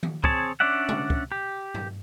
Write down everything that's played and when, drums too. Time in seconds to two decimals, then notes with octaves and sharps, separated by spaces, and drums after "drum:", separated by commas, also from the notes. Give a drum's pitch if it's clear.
0.03 drum: tom D#3
0.24 C4 G#4 C#5 A5, drum: kick
0.60 C#4 D4 D5 E5 F#5
0.89 drum: tom
1.10 drum: kick
1.32 G4
1.74 drum: tom G2